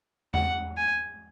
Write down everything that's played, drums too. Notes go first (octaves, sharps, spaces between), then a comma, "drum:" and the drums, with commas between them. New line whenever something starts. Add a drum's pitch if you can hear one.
F#5, drum: tom E2
G#5